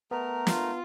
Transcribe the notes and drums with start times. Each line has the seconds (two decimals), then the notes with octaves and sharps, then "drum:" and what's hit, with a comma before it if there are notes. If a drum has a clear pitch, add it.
0.11 A3 B3 A#4 A#5
0.47 F4, drum: snare